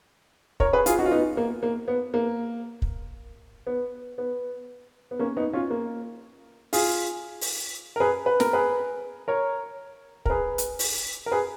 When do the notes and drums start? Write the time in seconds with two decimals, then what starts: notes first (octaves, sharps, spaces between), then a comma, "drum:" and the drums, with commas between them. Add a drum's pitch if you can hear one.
0.60 A#4 C#5, drum: kick
0.73 G#4 B4
0.86 F4 G#4, drum: hi-hat
0.99 D#4 F#4
1.06 F4
1.11 B3 D#4
1.37 A#3
1.63 A#3
1.88 B3
2.14 A#3
2.82 drum: kick
3.67 B3
4.18 B3
5.11 B3
5.19 A#3 C#4
5.37 B3 D#4
5.53 C#4 F4
5.71 A#3
6.73 F4 G#4, drum: open hi-hat
7.41 drum: open hi-hat
7.96 A#4
8.00 G#4 B4
8.26 B4
8.40 A#4, drum: snare
8.53 G#4 B4
9.28 A#4 C#5
10.25 A#4, drum: kick
10.30 G#4 B4
10.58 drum: hi-hat
10.79 drum: open hi-hat
11.26 A#4
11.32 G#4 B4